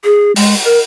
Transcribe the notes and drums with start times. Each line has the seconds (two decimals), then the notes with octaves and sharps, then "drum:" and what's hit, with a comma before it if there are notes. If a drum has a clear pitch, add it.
0.04 G#4
0.36 G#3, drum: open hi-hat
0.64 A#4